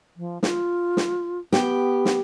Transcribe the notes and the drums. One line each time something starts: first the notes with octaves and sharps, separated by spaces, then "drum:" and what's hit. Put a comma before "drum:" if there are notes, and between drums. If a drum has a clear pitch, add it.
F3
F4, drum: snare
drum: snare
B3 G4, drum: snare
drum: snare